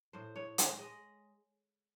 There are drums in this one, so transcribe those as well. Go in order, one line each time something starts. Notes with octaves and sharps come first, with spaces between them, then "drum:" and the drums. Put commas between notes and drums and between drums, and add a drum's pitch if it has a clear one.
A2 C5
A2 C#5
G#3, drum: hi-hat
G#3 D#5